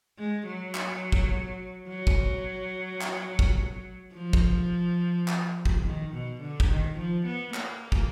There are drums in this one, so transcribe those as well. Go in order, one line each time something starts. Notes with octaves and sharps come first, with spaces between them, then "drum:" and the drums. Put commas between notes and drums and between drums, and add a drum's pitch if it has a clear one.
G#3
F#3
drum: clap
drum: kick
F#3
drum: kick
drum: clap
drum: kick
F3
drum: kick
drum: clap
drum: kick
D#3
B2
D3
drum: kick
D#3
F3
B3
A#3, drum: clap
drum: kick